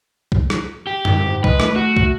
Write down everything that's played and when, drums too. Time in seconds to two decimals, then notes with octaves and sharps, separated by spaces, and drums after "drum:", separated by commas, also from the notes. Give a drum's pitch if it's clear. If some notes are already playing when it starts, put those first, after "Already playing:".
0.32 drum: kick
0.50 drum: rim click
0.87 G4
1.05 drum: tom
1.18 G#2
1.44 G#3 B4, drum: kick
1.60 A3, drum: rim click
1.76 F#4
1.96 drum: kick